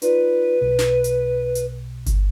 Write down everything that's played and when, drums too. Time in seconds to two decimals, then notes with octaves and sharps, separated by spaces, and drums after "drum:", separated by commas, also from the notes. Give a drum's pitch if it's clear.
0.02 D#4 F4 B4 D5, drum: hi-hat
0.61 B1 B2
0.79 drum: snare
1.04 drum: hi-hat
1.55 drum: hi-hat
2.06 drum: kick G1, hi-hat